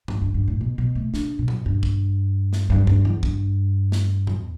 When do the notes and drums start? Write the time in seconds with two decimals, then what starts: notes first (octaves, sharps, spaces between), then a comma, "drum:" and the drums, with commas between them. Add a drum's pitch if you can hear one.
0.08 G2, drum: tom G2
0.22 G2
0.35 G2
0.48 A2
0.61 B2
0.78 B2
0.95 A3
1.14 D4, drum: snare
1.39 B2
1.48 drum: tom A2
1.66 G2
1.83 drum: kick
2.53 drum: snare
2.70 G2
2.87 G2, drum: tom G3
3.05 E2
3.23 G2, drum: kick
3.92 drum: snare
4.27 E2, drum: tom A2